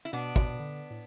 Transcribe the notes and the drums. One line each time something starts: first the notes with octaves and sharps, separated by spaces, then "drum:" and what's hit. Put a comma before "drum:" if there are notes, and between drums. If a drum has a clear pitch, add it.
E4
B2 B3 D4
B2, drum: kick
D3
A2